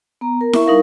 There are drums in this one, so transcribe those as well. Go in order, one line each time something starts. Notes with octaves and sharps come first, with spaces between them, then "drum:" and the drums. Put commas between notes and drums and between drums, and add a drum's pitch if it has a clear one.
B3 A#5
A#4
E4 E5 C#6, drum: snare E4
G3 D#4 A#4 F5